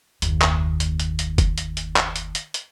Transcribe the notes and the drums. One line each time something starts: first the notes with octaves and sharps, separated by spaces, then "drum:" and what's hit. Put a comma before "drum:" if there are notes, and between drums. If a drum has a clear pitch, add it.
F#1 D#2, drum: hi-hat
drum: clap
drum: hi-hat
drum: hi-hat
drum: hi-hat
drum: kick F#1, hi-hat
drum: hi-hat
drum: hi-hat
drum: clap
drum: hi-hat
drum: hi-hat
drum: hi-hat